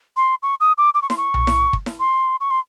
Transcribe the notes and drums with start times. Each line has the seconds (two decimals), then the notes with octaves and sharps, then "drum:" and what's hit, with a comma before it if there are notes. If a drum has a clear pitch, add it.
0.17 C6
0.43 C#6
0.60 D#6
0.78 D6
0.94 D6
1.02 C#6
1.10 C6, drum: snare E4
1.17 C#6
1.34 drum: tom B1
1.47 drum: snare E4
1.73 drum: kick
1.86 drum: snare E4
2.00 C6
2.41 C#6
2.51 C6